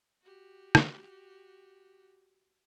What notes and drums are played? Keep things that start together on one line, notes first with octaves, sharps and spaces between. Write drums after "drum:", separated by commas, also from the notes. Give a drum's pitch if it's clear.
F#4 G4
drum: rim click